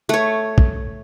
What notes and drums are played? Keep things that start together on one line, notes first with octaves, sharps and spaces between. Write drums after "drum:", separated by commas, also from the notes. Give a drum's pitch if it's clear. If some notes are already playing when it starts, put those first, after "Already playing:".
A3 C#5
drum: kick